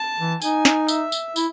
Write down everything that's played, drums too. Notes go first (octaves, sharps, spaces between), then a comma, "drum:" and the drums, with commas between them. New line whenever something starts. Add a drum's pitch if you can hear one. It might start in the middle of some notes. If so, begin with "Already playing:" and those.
Already playing: A5
E3
D#4 G#5, drum: tambourine
drum: snare
E5, drum: tambourine
drum: tambourine
E4, drum: tambourine